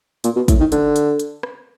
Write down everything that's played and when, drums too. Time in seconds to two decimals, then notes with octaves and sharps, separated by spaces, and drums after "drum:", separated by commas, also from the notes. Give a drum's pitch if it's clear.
0.24 A#2, drum: hi-hat
0.36 B2
0.48 A2, drum: kick, hi-hat
0.60 D#3
0.72 D3, drum: hi-hat
0.96 drum: hi-hat
1.20 drum: hi-hat
1.43 drum: rim click